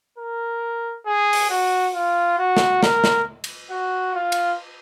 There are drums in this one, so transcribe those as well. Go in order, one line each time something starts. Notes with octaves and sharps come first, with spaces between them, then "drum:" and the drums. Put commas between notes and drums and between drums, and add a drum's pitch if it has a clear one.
A#4
G#4
drum: open hi-hat
F#4
F4
F#4
drum: snare
A#4, drum: snare
drum: snare
drum: cymbal
F#4
F4
drum: cymbal